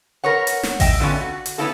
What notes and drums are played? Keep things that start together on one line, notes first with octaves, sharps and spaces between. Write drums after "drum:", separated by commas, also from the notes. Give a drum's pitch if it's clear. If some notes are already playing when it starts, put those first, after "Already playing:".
A#4 B4 C#5 F#5
drum: hi-hat
drum: snare
D#5 E5 G5, drum: kick A1, open hi-hat
D3 F#3 A3 B3 C#4 F4
F#4
drum: hi-hat
A3 B3 C#4 E4 F4 A4